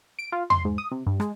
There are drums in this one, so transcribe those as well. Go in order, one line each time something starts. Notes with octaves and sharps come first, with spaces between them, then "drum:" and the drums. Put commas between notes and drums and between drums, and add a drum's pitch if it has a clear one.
D7
F4
C6, drum: tom E2
G#2
D#6
C3
G2
G#3, drum: rim click